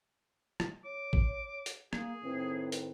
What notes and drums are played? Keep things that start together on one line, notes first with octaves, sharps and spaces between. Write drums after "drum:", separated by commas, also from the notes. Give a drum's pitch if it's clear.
drum: rim click
C#5 D6
drum: kick A1
drum: hi-hat
A#3 G#4, drum: rim click
A2 D#3 C4 B4
drum: hi-hat